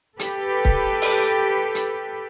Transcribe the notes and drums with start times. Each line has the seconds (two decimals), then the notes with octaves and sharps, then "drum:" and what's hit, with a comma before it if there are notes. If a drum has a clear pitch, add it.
0.19 G4 A4 B4, drum: hi-hat
0.65 drum: kick C#1
1.02 drum: open hi-hat
1.75 drum: hi-hat